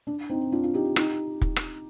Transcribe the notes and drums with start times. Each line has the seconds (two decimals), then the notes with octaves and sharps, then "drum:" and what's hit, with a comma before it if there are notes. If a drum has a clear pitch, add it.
0.07 D4
0.30 C4 D#4
0.52 D4 F4
0.64 F4
0.74 D#4 G4
0.96 D#4 G4, drum: rim click
1.41 drum: kick
1.56 drum: rim click